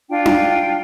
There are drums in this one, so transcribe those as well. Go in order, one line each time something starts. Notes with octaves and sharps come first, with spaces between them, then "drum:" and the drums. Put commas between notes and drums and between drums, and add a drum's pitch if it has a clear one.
D4 F4 G5
drum: tom D4